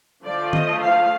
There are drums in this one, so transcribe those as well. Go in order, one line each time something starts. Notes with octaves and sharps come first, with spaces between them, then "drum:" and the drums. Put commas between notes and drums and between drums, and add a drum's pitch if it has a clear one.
D3 F3 A3 D5
D#5, drum: tom D#3
F5